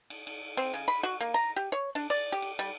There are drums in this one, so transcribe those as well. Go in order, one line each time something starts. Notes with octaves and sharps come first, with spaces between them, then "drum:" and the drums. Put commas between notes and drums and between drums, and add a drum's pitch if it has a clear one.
drum: cymbal
drum: cymbal
C4, drum: cymbal
C#3
B5
F#4
A#3
A#5
G4
C#5
D4, drum: cymbal
D5, drum: cymbal
G4
drum: cymbal
G3, drum: cymbal